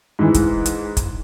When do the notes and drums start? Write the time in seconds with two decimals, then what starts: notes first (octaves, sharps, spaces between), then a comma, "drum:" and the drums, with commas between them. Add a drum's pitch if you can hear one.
0.19 G#2 E3
0.34 drum: kick, hi-hat
0.66 drum: hi-hat
0.97 drum: kick, hi-hat